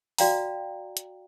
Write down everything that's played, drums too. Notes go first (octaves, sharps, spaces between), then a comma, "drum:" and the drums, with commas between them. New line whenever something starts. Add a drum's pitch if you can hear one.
F#4 D5 F5 G5 A#5, drum: open hi-hat
drum: hi-hat